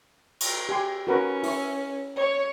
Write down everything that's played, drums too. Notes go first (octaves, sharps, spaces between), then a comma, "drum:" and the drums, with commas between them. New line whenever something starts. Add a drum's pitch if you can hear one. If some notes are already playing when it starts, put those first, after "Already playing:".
drum: cymbal
G4 G#5 C6
C#4 F#4 A#4 B4
E4 C#6, drum: open hi-hat
C#5